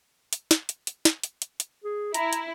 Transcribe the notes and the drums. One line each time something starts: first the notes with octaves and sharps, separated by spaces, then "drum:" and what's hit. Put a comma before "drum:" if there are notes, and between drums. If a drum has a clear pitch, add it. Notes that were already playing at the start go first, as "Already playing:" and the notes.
drum: hi-hat
drum: snare
drum: hi-hat
drum: hi-hat
drum: snare
drum: hi-hat
drum: hi-hat
drum: hi-hat
G#4
E4 A#5, drum: hi-hat
drum: hi-hat